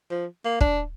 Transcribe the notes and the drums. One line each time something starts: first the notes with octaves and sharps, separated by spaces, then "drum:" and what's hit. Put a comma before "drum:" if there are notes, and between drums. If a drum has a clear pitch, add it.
F3
A#3
D4, drum: kick